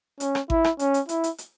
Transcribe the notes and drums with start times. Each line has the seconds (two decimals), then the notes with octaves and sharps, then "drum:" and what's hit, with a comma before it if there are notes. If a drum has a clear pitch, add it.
0.20 C#4, drum: hi-hat
0.35 drum: rim click
0.50 E4, drum: kick G#1
0.64 drum: rim click
0.79 C#4, drum: hi-hat
0.94 drum: hi-hat
1.09 E4, drum: hi-hat
1.24 drum: hi-hat
1.38 drum: hi-hat